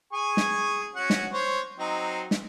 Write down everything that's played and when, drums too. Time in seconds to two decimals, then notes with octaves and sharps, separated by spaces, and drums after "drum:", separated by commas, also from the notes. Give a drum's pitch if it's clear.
0.13 G#4 G#5 C#6
0.37 drum: snare
0.95 C#4 F#4 F#5
1.10 drum: snare
1.33 C5 C#5
1.79 F#3 C4 D#4
2.31 drum: snare